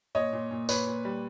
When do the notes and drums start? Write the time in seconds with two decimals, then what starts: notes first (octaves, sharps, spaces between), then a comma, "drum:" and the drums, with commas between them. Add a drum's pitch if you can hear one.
0.15 A#2 C#5 D#5
0.33 A#2
0.51 A#2
0.69 A#2 B4 C#5, drum: tambourine
0.87 A#2
1.05 G3